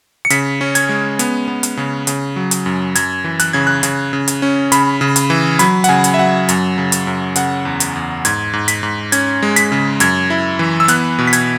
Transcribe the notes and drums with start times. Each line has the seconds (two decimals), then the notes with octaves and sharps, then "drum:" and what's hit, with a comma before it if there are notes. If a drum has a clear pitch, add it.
0.25 C#7
0.30 C#3 B6, drum: hi-hat
0.61 C#4
0.75 G#6, drum: hi-hat
0.89 G#3
1.19 B3, drum: hi-hat
1.48 B3
1.63 drum: hi-hat
1.77 C#3
2.07 C#3, drum: hi-hat
2.36 F#3
2.51 drum: hi-hat
2.66 F#2
2.95 F#2 G#6, drum: hi-hat
3.24 E3
3.39 F#6, drum: hi-hat
3.53 C#3 G#6
3.67 F#6
3.83 C#3, drum: hi-hat
4.13 C#3
4.28 drum: hi-hat
4.42 C#4
4.72 C#3 B5, drum: hi-hat
5.01 C#3
5.16 drum: hi-hat
5.30 E3
5.59 F#3 B5, drum: hi-hat
5.84 F#5, drum: hi-hat
5.89 C#3 G#5
6.04 drum: hi-hat
6.14 E5
6.19 F#3 F#5
6.49 F#2, drum: hi-hat
6.78 C#3
6.92 drum: hi-hat
7.07 F#2
7.36 C#3 F#5, drum: hi-hat
7.65 E2
7.80 drum: hi-hat
7.96 E2
8.25 G#2 G#6, drum: hi-hat
8.53 G#2
8.68 B6, drum: hi-hat
8.83 G#2
9.12 C#4 G#6, drum: hi-hat
9.42 G#3
9.56 B6, drum: hi-hat
9.72 C#3
10.00 F#2 G#6, drum: hi-hat
10.30 E4
10.59 E3
10.80 E6
10.88 B3 F#6, drum: hi-hat
11.19 B2
11.27 B6
11.33 G#6, drum: hi-hat